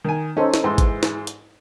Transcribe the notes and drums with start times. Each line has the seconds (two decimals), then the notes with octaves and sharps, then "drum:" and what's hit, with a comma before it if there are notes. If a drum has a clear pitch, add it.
0.04 D#3 G#5
0.37 C#4 D#4 A4 C5
0.54 drum: snare
0.64 G#2 E3 C6
0.78 drum: kick, hi-hat
1.03 drum: snare
1.27 drum: hi-hat